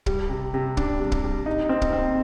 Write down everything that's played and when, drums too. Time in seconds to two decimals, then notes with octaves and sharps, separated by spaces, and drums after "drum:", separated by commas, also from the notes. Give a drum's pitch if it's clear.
0.06 G3, drum: kick
0.30 C3
0.54 C3
0.77 D4, drum: kick
0.99 G3
1.12 drum: kick
1.23 G3
1.46 D#4
1.69 C4
1.82 drum: kick
1.93 C4